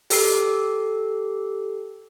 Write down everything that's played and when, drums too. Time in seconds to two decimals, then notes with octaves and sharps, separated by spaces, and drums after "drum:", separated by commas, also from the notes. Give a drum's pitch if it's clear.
0.10 G4 A4 C7, drum: open hi-hat